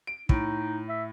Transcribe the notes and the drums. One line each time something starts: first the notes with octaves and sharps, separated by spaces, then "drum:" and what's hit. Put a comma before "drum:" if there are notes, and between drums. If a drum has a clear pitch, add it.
D7
A2 D#4, drum: kick
E5